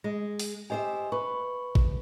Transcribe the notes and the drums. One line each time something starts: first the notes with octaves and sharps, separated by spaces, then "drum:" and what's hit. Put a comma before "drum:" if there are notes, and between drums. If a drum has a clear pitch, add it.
G#3 A#6
drum: open hi-hat
G4 C5 D#5 E5 G#5
B4 C#6
drum: kick A1